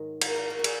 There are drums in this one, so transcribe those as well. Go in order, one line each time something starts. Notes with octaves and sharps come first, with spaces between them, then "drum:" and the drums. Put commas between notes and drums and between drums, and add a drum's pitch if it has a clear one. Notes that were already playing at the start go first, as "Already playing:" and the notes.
Already playing: G#2 D#3 F#3
A#4, drum: cymbal
A#4
A#4
F#4
G#4, drum: cymbal